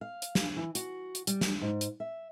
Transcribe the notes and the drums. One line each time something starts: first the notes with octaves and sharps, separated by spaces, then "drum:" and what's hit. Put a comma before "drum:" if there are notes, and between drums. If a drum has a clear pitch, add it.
F5
drum: hi-hat
drum: snare
E3
F#4, drum: hi-hat
drum: hi-hat
G3, drum: hi-hat
drum: snare
G#2
drum: hi-hat
E5